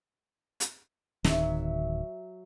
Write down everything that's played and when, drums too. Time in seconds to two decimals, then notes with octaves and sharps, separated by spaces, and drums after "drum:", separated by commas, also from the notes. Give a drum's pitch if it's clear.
0.60 drum: hi-hat
1.25 D1 D#3 F#3 E5, drum: snare